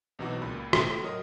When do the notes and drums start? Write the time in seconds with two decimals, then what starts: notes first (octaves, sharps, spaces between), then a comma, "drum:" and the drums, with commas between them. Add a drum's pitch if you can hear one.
0.19 B1 C3 E3 D#4 F#4 D6
0.42 C#2 A#2 B5
0.73 A2, drum: rim click
1.02 F#3 A#4 C#5 D#5 D#6